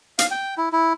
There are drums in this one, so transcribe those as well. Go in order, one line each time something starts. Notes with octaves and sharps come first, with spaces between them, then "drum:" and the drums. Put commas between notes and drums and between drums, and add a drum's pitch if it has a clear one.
F5, drum: hi-hat
G5
E4
E4